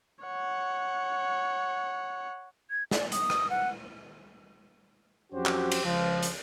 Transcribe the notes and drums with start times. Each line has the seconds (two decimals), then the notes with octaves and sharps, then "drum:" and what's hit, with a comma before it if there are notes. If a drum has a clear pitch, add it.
0.24 C#5 F#5
2.70 G#6
2.91 D5, drum: snare
3.12 D#6, drum: hi-hat
3.30 drum: rim click
3.50 F#5
5.33 F2 F#3 C#4 F#4 G4 C5
5.46 drum: clap
5.71 drum: cymbal
5.84 C#2 F3
6.22 drum: hi-hat